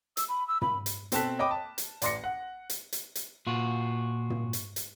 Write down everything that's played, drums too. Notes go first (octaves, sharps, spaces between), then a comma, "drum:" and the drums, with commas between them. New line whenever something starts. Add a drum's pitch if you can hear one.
E6, drum: hi-hat
B5
E6
B5, drum: tom
drum: hi-hat
B2 C4 A4 A5 F#6 B6, drum: hi-hat
C#5 D#5 G5 B5 D6
A5
drum: hi-hat
A1 D5 C6 A#6 C#7, drum: hi-hat
F#5
drum: hi-hat
drum: hi-hat
drum: hi-hat
A#2 F4 F#4
drum: tom
drum: hi-hat
drum: hi-hat